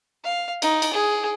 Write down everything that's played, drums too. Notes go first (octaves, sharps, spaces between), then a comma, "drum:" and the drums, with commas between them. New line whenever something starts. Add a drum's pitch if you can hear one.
F5
D#4, drum: cymbal
drum: cymbal
G#4